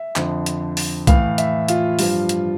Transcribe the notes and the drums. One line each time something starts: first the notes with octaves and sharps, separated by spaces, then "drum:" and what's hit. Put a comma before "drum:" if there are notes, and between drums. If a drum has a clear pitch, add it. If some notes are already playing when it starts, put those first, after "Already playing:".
Already playing: E5
F2 D3 F3, drum: clap
drum: hi-hat
drum: open hi-hat
A2 E3 F5, drum: kick B1, hi-hat
E5, drum: hi-hat
F4, drum: hi-hat
G2 F3, drum: open hi-hat
drum: hi-hat